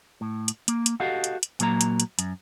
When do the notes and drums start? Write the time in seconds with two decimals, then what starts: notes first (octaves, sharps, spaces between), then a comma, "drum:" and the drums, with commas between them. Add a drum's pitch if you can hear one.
0.21 A2
0.48 drum: hi-hat
0.68 A#3, drum: hi-hat
0.86 drum: hi-hat
1.00 F#4 G4 A4 D#5 F5 F#5
1.24 drum: hi-hat
1.43 drum: hi-hat
1.60 A#2 F#3 A#3 B4 A#5, drum: hi-hat
1.81 drum: hi-hat
2.00 drum: hi-hat
2.19 F#2, drum: hi-hat